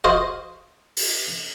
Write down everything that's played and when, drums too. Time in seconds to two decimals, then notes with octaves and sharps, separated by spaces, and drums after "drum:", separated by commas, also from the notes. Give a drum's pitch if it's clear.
0.04 F4 F#4 C5 D#5
0.97 drum: open hi-hat